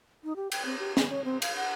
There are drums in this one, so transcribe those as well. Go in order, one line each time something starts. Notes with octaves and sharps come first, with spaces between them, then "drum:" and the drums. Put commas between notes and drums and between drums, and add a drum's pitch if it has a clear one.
D#4
G4
G5, drum: cymbal
C4
G4
B3, drum: snare
C#5
C4
F5, drum: cymbal
F#5